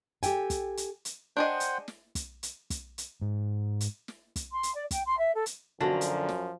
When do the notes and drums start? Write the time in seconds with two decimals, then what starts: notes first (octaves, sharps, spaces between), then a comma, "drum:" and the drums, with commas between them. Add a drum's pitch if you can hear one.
0.23 G4 A4 G5 G#5, drum: hi-hat
0.50 drum: kick, hi-hat
0.77 drum: hi-hat
1.05 drum: hi-hat
1.37 D4 G#4 C5 D#5 F#5 G5
1.60 drum: hi-hat
1.88 drum: snare
2.15 drum: kick, hi-hat
2.43 drum: hi-hat
2.70 drum: kick, hi-hat
2.98 drum: hi-hat
3.21 G#2
3.81 drum: hi-hat
4.08 drum: snare
4.36 drum: kick, hi-hat
4.51 C6
4.63 drum: hi-hat
4.74 D5
4.91 G5, drum: kick, hi-hat
5.06 C6
5.18 E5
5.34 A4
5.46 drum: hi-hat
5.81 F#2 D3 F3 F#4 A5 A#5
6.01 drum: hi-hat
6.29 drum: snare